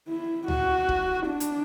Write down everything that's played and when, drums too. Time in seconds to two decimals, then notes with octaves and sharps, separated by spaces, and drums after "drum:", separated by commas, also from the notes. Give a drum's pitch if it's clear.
0.08 E4
0.48 F#4, drum: tom C#2
0.89 drum: kick
1.27 D4
1.40 drum: hi-hat